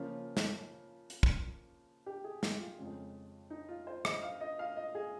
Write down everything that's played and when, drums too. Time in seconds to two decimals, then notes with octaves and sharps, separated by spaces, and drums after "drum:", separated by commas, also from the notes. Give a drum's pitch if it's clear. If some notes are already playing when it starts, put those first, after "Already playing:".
Already playing: C#3 F3 A#3 C#4 F4
0.37 drum: snare
1.10 drum: hi-hat
1.23 drum: kick
2.06 G4
2.24 G#4
2.43 G4, drum: snare
2.60 F4
2.78 F2 C#3 G#3 C#4
3.50 D#4
3.69 F4
3.87 C5
4.05 D#5, drum: rim click
4.22 F5
4.40 D#5
4.59 F5
4.76 D#5
4.95 G#4